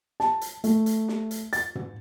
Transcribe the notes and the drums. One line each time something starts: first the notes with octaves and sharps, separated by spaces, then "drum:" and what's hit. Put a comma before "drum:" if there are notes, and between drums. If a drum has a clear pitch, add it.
A5, drum: snare
drum: hi-hat
A3, drum: hi-hat
drum: hi-hat
drum: snare
drum: hi-hat
A6, drum: hi-hat
drum: tom